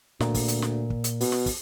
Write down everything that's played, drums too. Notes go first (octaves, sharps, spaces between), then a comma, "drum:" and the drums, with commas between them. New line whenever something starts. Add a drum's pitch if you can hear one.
D2 A#2, drum: snare
drum: kick, open hi-hat
drum: hi-hat
drum: snare
drum: kick
drum: hi-hat
B2, drum: open hi-hat
drum: snare
drum: kick, open hi-hat